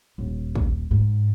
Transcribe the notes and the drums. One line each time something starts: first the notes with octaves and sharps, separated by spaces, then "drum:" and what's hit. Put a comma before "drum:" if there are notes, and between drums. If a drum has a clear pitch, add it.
D#1
drum: kick
G#2